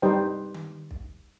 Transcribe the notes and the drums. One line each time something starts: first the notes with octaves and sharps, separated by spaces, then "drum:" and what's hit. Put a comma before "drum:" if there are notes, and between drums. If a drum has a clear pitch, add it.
G3 D#4 G4 B4 C5 G5
drum: tom D#3
drum: kick